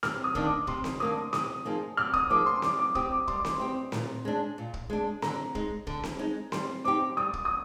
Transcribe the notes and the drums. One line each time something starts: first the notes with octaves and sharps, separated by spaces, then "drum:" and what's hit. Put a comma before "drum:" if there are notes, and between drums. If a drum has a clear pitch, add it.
C3 F6, drum: snare C4
D#6
D#3 A#3 D4, drum: kick
D6
C3 C6, drum: kick
drum: snare C4
D#3 A#3 D4 D#6
C3 D#6, drum: snare C4
F3 A#3 D#4 G#4
C3 F6
D#6, drum: kick
F3 A#3 D#4 G#4 D6
C6
G3 D6, drum: snare C4
D6
C4 G4 D#6, drum: kick
D6
G3 C6, drum: kick
D6
C6, drum: snare C4
C4 G4 C6
A#2, drum: snare C4
G#3 D4
A#2
drum: kick
G#3 D4
D3 A#5, drum: snare C4
G#3 D#4, drum: kick
D3, drum: kick
drum: snare C4
G#3 D#4
G3 C6, drum: snare C4
C4 D#4 G4 D6
G3 D#6
drum: kick
D#6